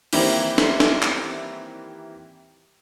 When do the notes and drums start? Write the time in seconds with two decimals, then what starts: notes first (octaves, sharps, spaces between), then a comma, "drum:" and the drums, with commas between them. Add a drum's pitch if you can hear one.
0.13 D#3 E3 G3 A#3 C4 E4, drum: open hi-hat
0.58 drum: snare
0.80 drum: snare
1.02 drum: clap